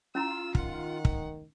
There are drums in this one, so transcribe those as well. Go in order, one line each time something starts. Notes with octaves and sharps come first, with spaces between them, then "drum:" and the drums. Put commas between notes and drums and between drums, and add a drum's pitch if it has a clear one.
C#4 E4 F4 A#5 E6
D#3 F#5, drum: kick
drum: kick